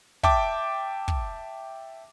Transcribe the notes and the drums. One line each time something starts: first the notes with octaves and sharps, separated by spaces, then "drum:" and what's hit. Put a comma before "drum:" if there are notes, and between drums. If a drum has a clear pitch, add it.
E5 G5 A5 D6, drum: kick
drum: kick